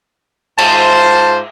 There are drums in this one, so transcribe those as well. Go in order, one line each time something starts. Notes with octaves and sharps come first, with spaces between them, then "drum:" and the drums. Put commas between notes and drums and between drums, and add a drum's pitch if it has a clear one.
G#2 F4 C5 A5, drum: cymbal